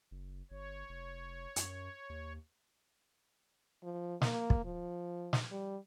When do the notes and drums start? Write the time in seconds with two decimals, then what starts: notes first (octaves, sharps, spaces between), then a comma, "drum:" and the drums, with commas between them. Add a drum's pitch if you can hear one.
0.11 F#1
0.51 G1 C#5
0.89 F1
1.56 F#2, drum: hi-hat
2.10 D#2
3.83 F3
4.22 A#3, drum: snare
4.50 drum: kick
4.65 F3
5.33 drum: snare
5.51 G3